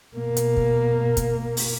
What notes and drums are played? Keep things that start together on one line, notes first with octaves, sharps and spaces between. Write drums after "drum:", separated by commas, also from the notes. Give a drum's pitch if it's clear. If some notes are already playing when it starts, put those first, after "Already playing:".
B2 A#3
drum: hi-hat
drum: kick
drum: kick, hi-hat
drum: open hi-hat